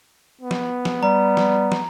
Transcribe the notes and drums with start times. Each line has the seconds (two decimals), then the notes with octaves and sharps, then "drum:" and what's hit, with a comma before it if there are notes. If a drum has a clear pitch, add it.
0.41 B3
0.51 drum: snare
0.85 drum: snare
1.03 G3 A#5
1.37 drum: snare
1.72 drum: snare